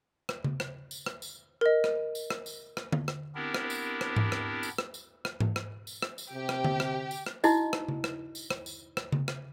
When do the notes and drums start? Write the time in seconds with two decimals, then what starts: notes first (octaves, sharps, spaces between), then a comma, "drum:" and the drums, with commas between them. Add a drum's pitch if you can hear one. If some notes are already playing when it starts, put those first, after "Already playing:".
0.29 drum: rim click
0.44 drum: tom C#3
0.60 drum: rim click
0.91 drum: tambourine
1.06 drum: rim click
1.22 drum: tambourine
1.61 A#4 D#5
1.84 drum: rim click
2.15 drum: tambourine
2.30 drum: rim click
2.46 drum: tambourine
2.77 drum: rim click
2.92 drum: tom D3
3.08 drum: rim click
3.35 B3 C4 D4 E4 G4 A#4
3.54 drum: rim click
3.70 drum: tambourine
4.01 drum: rim click
4.16 drum: tom G#2
4.32 drum: rim click
4.63 drum: tambourine
4.78 drum: rim click
4.94 drum: tambourine
5.25 drum: rim click
5.40 drum: tom G#2
5.56 drum: rim click
5.87 drum: tambourine
6.02 drum: rim click
6.18 drum: tambourine
6.33 C3 G4
6.49 drum: rim click
6.64 drum: tom D3
6.80 drum: rim click
7.11 drum: tambourine
7.26 drum: rim click
7.44 D#4 E4 F#4 D#5, drum: tambourine
7.73 drum: rim click
7.88 drum: tom C#3
8.04 drum: rim click
8.35 drum: tambourine
8.50 drum: rim click
8.66 drum: tambourine
8.97 drum: rim click
9.12 drum: tom C#3
9.28 drum: rim click